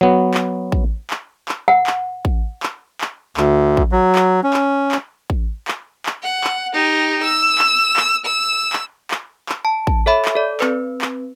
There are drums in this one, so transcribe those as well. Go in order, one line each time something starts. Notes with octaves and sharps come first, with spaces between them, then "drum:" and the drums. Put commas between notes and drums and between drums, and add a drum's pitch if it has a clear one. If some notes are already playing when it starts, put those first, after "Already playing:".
F#3 B3
drum: clap
drum: kick A1
drum: clap
drum: clap
F#5
drum: clap
drum: kick A1
drum: clap
drum: clap
D2, drum: clap
drum: kick A1
F#3
drum: clap
C#4
drum: clap
drum: clap
drum: kick A1
drum: clap
drum: clap
F#5
drum: clap
D#4 G4
E6
drum: clap
drum: clap
E6
drum: clap
drum: clap
drum: clap
A5
drum: kick A1
A4 C#5 E5 B5
drum: clap
A4 D5
C4 B4, drum: clap
drum: clap